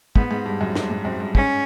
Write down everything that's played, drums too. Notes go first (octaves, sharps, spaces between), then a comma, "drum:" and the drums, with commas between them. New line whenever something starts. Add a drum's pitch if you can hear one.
G#2 B3, drum: kick
G#2
G2
F#2
G2 C4, drum: snare
G#2
F#2 C4
G2
G#2 C#4, drum: kick